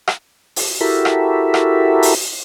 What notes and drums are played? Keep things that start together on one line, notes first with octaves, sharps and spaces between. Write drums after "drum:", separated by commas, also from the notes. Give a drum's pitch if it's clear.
drum: rim click
drum: open hi-hat
E4 F#4 G4 A4 A#4 E5
drum: rim click
drum: rim click
drum: open hi-hat